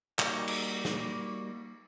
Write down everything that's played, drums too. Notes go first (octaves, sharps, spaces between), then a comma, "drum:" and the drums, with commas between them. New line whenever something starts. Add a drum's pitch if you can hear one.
G3 A#3 D#4 F#4, drum: clap
drum: cymbal
drum: snare